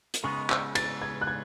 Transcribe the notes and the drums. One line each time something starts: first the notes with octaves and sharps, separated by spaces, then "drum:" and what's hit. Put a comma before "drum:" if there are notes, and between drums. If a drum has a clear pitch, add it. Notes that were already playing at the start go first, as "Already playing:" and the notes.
drum: hi-hat
C#3 G#3 B3 D#4 C#6
E6, drum: clap
A6, drum: cymbal
G#6
F#6
G#6